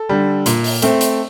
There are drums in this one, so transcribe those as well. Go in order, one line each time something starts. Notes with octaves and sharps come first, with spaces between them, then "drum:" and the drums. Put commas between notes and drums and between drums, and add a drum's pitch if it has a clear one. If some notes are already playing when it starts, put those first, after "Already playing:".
Already playing: A4
D3 G3
A#2, drum: hi-hat
drum: open hi-hat
A3 C4, drum: hi-hat
drum: hi-hat